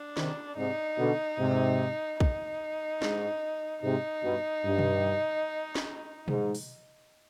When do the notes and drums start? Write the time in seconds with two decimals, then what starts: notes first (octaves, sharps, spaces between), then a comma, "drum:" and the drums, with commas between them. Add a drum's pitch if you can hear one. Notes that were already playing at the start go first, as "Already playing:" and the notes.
Already playing: D4
0.17 C3 D#3, drum: snare
0.57 G#2 C3 D#4
0.98 B2 D3
1.39 G#2 C3
2.20 D#4, drum: kick
3.02 G#2, drum: snare
3.83 G#2 C3 D#4
4.23 G2 B2
4.65 G2
4.78 drum: tom B2
5.75 drum: snare
6.28 G#2, drum: tom B2
6.55 drum: open hi-hat